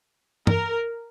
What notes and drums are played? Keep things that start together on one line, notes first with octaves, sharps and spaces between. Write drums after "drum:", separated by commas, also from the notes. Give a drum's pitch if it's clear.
A#4, drum: tom